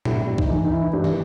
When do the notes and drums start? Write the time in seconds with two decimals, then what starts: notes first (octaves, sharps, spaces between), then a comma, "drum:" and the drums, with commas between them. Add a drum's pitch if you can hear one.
0.05 G2 E4, drum: tom A#2
0.27 G2
0.38 D#4, drum: kick C2
0.50 E3
0.65 D#4
0.71 E3 E4
0.93 G2 G4
1.04 drum: tom